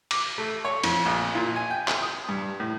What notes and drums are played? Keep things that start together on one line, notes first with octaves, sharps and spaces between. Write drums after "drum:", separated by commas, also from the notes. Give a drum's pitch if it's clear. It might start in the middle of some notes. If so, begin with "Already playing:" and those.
D6, drum: cymbal
A3
C#5
F2, drum: cymbal
A#1
A#2
G#5
G5
drum: clap
D#6
G2
A2